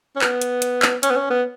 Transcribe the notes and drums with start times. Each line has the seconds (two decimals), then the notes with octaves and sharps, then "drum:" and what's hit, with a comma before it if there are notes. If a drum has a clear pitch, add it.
0.16 C#4
0.21 B3, drum: clap
0.42 drum: hi-hat
0.62 drum: hi-hat
0.82 drum: clap
1.03 C#4, drum: hi-hat
1.11 B3
1.16 C#4
1.30 B3